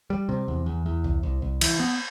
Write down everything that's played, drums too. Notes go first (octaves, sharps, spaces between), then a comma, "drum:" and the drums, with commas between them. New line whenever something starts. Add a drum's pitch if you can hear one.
G3
C3
E2
E2
E2
C2
C2
C2
E3, drum: cymbal
B3